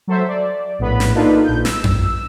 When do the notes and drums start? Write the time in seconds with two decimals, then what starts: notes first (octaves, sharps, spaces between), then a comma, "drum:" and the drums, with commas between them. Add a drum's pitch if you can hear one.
0.07 F#3 A4 C5 E5
0.28 D5
0.79 A#1 A2 B3 B4 B5
1.00 drum: snare
1.14 A#3 D4 D#4 F4 A4 B4
1.44 A#1 G6
1.65 E6, drum: snare
1.84 drum: tom F2